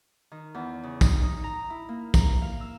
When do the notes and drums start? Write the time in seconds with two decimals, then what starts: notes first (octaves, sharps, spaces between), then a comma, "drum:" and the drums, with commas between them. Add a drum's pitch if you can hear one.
0.32 D#3
0.54 E2
0.83 C#3
1.01 D#4, drum: kick, tambourine
1.23 D#4
1.44 A#5
1.70 E4
1.89 A#3
2.14 A#5, drum: kick, tambourine
2.42 F5
2.60 E6